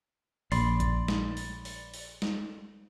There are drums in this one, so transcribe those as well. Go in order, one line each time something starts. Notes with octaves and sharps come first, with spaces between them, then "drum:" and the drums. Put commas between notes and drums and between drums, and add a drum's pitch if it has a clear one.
A#1 D5 B5 C6, drum: open hi-hat
drum: kick G#1, hi-hat
drum: snare
drum: open hi-hat
drum: open hi-hat
drum: open hi-hat
drum: snare